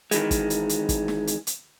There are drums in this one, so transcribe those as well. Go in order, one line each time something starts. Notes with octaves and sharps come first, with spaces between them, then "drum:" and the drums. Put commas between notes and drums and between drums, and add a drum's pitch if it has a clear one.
D#3 E3 G#3, drum: hi-hat
drum: kick, hi-hat
drum: hi-hat
drum: hi-hat
drum: kick, hi-hat
drum: snare
drum: hi-hat
drum: hi-hat